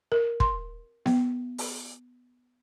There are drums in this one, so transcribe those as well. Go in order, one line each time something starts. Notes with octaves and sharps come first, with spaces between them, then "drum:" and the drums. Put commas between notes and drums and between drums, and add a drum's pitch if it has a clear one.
A#4
C6, drum: kick
B3, drum: snare B3
drum: open hi-hat